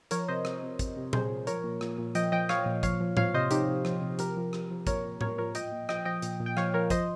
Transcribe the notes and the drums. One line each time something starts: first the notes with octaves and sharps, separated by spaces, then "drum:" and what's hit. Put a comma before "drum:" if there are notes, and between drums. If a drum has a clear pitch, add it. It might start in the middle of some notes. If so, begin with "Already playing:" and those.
F3 A#4 C#5, drum: hi-hat
C3 C5 D#5
C3, drum: rim click
C3
C3, drum: kick, hi-hat
C3
C3 G#4 C5, drum: tom A#2
F3
F3 A#4 C#5, drum: hi-hat
A#2
A#2, drum: rim click
A#2
F3 D#5 G5, drum: hi-hat
F3 D#5 G5
F3 C#5 F5, drum: rim click
A#2
F3 C#5 F5, drum: kick, hi-hat
F3
F3 C#5 F5, drum: tom A2
C3 C5 D#5
C3 D#4 G4, drum: hi-hat
C3
F3, drum: rim click
C3
F3 G4 A#4, drum: hi-hat
F3
F3, drum: rim click
F3
A#2 A#4 C#5, drum: kick, hi-hat
A#2
A#2 A#4 C#5, drum: tom A2
F3 A#4 C#5
F3 D#5 G5, drum: hi-hat
A#2
F3 D#5 G5, drum: rim click
F3 D#5 G5
A#2, drum: hi-hat
A#2
G5
F3 C#5 F5, drum: rim click
F3 A#4 C#5
F3 C5 D#5, drum: kick, hi-hat